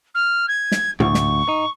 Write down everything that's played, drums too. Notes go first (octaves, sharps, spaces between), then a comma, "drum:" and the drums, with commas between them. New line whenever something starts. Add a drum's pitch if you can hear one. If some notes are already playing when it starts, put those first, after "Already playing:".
F6
G#6
drum: snare
D2 C#6, drum: tom A2
drum: snare
D#4